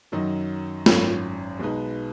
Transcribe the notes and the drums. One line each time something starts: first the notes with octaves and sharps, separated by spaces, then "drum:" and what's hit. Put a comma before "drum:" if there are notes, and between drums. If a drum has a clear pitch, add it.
F#2 D#3 F#3 D#4
G#1 F#2 F#3 C#4, drum: snare
B1 B2 G#3 D#4 B4